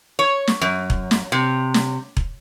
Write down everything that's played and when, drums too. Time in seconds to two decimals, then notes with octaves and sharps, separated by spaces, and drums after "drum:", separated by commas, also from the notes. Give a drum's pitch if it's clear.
0.19 C#5
0.47 drum: snare
0.61 F#2
0.90 drum: kick E1
1.11 drum: snare
1.32 C3
1.74 drum: snare
2.17 drum: kick E1